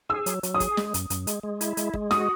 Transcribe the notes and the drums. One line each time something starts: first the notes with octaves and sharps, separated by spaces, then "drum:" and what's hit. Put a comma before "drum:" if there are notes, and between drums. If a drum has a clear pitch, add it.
G#4 E6
F#3, drum: hi-hat
F#3, drum: hi-hat
D#6
G#4, drum: kick, hi-hat
G#3, drum: snare
F#2, drum: hi-hat
F#2, drum: hi-hat
G#3, drum: hi-hat
G#3
E4, drum: hi-hat
G#3, drum: hi-hat
G#3, drum: kick
F#4 D#6, drum: snare